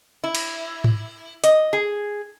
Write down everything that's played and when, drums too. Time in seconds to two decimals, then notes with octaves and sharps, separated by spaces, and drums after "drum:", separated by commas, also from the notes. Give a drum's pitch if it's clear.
0.24 E4
0.35 drum: cymbal
0.84 drum: tom G#2
1.44 D#5, drum: hi-hat
1.73 G#4